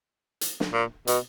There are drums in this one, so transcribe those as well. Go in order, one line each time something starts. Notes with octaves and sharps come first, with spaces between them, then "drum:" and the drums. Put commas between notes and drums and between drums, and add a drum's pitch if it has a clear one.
drum: hi-hat
drum: snare
A#2
B2, drum: hi-hat